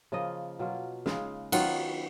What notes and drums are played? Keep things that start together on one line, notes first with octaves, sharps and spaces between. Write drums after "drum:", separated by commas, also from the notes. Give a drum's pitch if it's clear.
C#3 F3 A#3 F4 D#5
B2 F#3 A#3 F4
C#3 G#3 D#4 F5, drum: snare
D#3 F#3 B3 F4 F#5, drum: cymbal